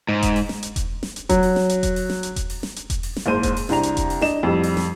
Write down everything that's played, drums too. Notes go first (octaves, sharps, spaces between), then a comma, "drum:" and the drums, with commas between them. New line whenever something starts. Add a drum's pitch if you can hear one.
G#2
drum: kick E1, hi-hat
drum: open hi-hat
drum: snare
drum: hi-hat
drum: kick E1, hi-hat
drum: snare
drum: hi-hat
F#3, drum: kick E1, hi-hat
drum: open hi-hat
drum: snare
drum: hi-hat
drum: kick E1, hi-hat
drum: open hi-hat
drum: snare
drum: hi-hat
drum: kick E1, hi-hat
drum: open hi-hat
drum: snare
drum: hi-hat
drum: kick E1, hi-hat
drum: open hi-hat
drum: snare
F#1 G#2 C5 D#7
drum: kick E1, hi-hat
drum: open hi-hat
C2 C3 D4 A#5 F7, drum: snare
drum: hi-hat
drum: kick E1, hi-hat
drum: open hi-hat
D4 D#5 E7, drum: snare
F2 A2 G3
drum: open hi-hat
drum: snare